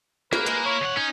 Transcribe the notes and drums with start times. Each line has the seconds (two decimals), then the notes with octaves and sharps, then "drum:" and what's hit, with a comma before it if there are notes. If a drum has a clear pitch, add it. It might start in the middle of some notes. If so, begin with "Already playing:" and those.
0.33 A#3 A#4 B4, drum: snare
0.46 G#3, drum: hi-hat
0.66 E4 C#5
0.82 D#2 F#5
0.97 C#4 D#4